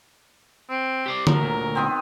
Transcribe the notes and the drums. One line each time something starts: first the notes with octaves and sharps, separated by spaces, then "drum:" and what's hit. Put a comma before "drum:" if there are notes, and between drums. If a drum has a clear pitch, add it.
C4
G4 C5 D5
F3 F#3 A#4, drum: tom D3
D2 A#2
D#3 B3 C4